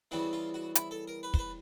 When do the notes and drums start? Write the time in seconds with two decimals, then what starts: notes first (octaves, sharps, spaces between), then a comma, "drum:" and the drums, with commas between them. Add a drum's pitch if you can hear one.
0.11 E2 C#3 E3 G3 C4 F#4
0.33 F4
0.54 F#4
0.75 E4, drum: hi-hat
0.91 A4
1.08 A#4
1.23 B4
1.34 C5, drum: kick
1.39 B4